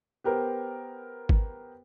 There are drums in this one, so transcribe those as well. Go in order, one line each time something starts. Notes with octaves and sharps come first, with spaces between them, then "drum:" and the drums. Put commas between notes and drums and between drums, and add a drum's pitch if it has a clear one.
B3 G4 A#4 C5
drum: kick G#1